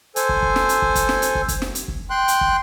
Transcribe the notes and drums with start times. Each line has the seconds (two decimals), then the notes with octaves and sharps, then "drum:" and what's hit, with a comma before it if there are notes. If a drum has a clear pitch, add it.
0.16 A4 C5 G#5, drum: hi-hat
0.29 drum: kick
0.42 drum: kick
0.56 drum: snare
0.69 drum: hi-hat
0.82 drum: kick
0.95 drum: kick, hi-hat
1.09 drum: snare
1.22 drum: hi-hat
1.35 drum: kick
1.48 drum: kick, hi-hat
1.62 drum: snare
1.75 drum: hi-hat
1.88 drum: kick
2.10 G5 C6 F#6
2.28 drum: hi-hat
2.41 drum: kick